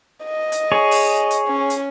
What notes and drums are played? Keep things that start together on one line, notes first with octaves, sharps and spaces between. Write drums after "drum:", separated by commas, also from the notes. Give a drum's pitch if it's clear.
D#5
drum: hi-hat
G#4 C#5
drum: open hi-hat
drum: hi-hat
C#4
drum: hi-hat